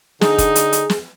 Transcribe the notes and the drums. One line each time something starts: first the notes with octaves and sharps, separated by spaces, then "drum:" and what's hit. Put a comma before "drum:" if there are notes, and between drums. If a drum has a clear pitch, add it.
D3 D#4 G#4, drum: snare
drum: kick F1, hi-hat
drum: hi-hat
drum: hi-hat
drum: snare